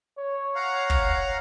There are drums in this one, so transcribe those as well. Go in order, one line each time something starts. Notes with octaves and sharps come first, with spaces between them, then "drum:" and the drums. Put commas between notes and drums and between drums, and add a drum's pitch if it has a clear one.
C#5
F5 F#5 A#5
drum: kick